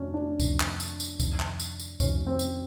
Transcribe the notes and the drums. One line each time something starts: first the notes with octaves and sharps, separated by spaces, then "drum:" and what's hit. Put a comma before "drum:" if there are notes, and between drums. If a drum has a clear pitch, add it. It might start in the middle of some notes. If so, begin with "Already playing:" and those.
Already playing: F2 C3 D#3 C#4 D4
D4
F2 C3 D#3, drum: kick C#2, tambourine
drum: clap
drum: tambourine
drum: tambourine
F2 C3 D#3, drum: kick C#2, tambourine
drum: clap
drum: tambourine
drum: tambourine
F2 C3 D#3 C#4, drum: kick C#2, tambourine
C4
drum: tambourine